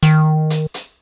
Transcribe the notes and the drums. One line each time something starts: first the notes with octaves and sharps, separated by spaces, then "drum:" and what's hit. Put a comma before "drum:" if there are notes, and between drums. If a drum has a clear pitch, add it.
D#3, drum: hi-hat
drum: hi-hat
drum: hi-hat